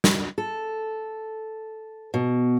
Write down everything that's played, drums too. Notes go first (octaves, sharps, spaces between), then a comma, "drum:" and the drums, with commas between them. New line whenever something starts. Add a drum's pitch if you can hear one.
drum: snare
A4
B2